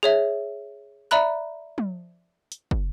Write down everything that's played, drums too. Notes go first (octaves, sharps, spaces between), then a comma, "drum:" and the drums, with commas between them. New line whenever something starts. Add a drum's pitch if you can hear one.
G#4 C#5 E5
D5 E5 A#5 B5 F#6
drum: tom
drum: hi-hat
drum: kick